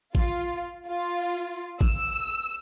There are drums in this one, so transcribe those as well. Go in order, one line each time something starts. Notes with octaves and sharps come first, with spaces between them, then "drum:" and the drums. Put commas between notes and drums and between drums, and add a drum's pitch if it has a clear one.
F4, drum: kick G#1
F4
E6, drum: kick G#1